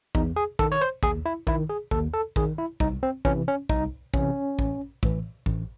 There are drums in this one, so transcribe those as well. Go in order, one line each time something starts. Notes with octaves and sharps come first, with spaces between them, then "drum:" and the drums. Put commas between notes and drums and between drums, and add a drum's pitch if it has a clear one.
E2 D#4, drum: kick A#1
G#4
D#3 A4, drum: kick A#1
C#5
C5
D#2 G#4, drum: kick A#1
E4
D#3 E4, drum: kick A#1
G#4
D#2 A4, drum: kick A#1
A4
D#3 G#4, drum: kick A#1
E4
C2 D#4, drum: kick A#1
C4
C3 E3 C#4, drum: kick A#1
C#4
C2 D#4, drum: kick A#1
C3 E3 C#4, drum: kick A#1
A1, drum: kick A#1
A2 E3, drum: kick A#1
A1, drum: kick A#1